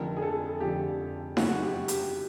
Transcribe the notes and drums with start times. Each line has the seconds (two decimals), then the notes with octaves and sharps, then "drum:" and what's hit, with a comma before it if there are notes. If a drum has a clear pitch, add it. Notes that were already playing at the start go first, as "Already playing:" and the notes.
Already playing: F1 F2 D3 A#4
0.16 G#4
0.22 A4
0.60 F1 F2 D3 G4
1.37 F#2 C#3 F3 A#3 F#4, drum: snare D#4
1.63 G4
1.88 G4, drum: hi-hat